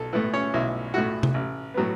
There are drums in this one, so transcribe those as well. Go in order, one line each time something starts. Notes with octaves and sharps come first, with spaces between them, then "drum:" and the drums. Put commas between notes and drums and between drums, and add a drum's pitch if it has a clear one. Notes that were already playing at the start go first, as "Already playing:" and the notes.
Already playing: B1 A4
A2 A3 B3 E4 B4
C#4 C#5
B1 E4 E5
A2 A3 E4 F#4 F#5
drum: tom C3
A1
A2 F#3 B3